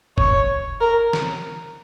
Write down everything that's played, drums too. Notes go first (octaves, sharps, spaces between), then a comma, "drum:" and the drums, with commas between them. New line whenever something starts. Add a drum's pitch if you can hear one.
C#5, drum: kick
A#4
drum: snare